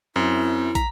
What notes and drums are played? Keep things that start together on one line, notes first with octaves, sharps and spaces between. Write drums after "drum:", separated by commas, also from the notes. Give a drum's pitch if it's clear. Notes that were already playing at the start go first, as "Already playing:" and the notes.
F#2 C4 E4
A#5 B6, drum: kick, hi-hat